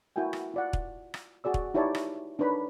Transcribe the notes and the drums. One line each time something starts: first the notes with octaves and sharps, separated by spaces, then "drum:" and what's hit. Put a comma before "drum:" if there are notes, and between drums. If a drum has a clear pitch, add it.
E4 F#4 A#4 G5 G#5
drum: rim click
F4 D5 F#5
drum: kick
drum: rim click
F#4 G#4 D5 E6
drum: kick
D#4 E4 G4 C#5 D5 A5
drum: rim click
D4 D#4 A#4 B4 C#5 B5